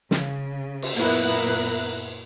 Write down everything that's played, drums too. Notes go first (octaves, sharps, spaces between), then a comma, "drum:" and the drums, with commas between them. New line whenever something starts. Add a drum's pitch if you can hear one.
C#3, drum: snare
drum: cymbal
F#2 A#2 B3 E4 A#4 F#6, drum: open hi-hat